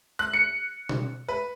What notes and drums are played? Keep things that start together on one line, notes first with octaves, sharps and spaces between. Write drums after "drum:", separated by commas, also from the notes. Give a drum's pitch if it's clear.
F#6
C#7
drum: tom
B4